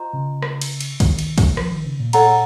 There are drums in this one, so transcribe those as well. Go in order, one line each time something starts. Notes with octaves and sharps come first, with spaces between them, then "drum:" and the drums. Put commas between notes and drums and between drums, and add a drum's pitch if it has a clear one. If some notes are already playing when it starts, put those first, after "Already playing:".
Already playing: F4 C5 D#5 A#5
C#3
drum: rim click
drum: cymbal
drum: cymbal
D#3, drum: kick, cymbal
drum: cymbal
drum: kick, cymbal
F3, drum: rim click
D#3
C#3
A#2
A4 C#5 F#5 A#5, drum: cymbal